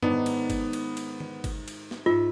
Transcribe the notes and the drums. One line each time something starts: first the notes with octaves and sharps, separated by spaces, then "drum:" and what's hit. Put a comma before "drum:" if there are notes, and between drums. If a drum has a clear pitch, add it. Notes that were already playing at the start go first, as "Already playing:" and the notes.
G#2 D#3 B3 D4, drum: tom
drum: cymbal
drum: kick G1, cymbal
drum: cymbal
drum: cymbal
drum: tom D#3
drum: kick G1, cymbal
drum: cymbal
drum: snare
G#2 F4 E5